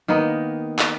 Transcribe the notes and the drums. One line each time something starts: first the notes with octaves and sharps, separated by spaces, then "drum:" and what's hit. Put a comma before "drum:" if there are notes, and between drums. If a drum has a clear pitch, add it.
D#3 A#3 B3 D#4
drum: clap